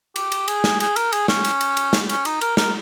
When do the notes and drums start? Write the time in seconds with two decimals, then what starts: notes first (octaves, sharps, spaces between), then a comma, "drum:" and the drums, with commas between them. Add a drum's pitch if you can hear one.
0.16 G4, drum: cymbal
0.32 drum: cymbal
0.48 G#4, drum: cymbal
0.64 drum: snare
0.80 G#4, drum: cymbal
0.96 A#4, drum: cymbal
1.12 G#4, drum: cymbal
1.28 C#4, drum: snare
1.44 drum: cymbal
1.61 drum: cymbal
1.77 drum: cymbal
1.93 drum: snare
2.09 C#4, drum: cymbal
2.25 D#4, drum: cymbal
2.41 A#4, drum: cymbal
2.57 A#4, drum: snare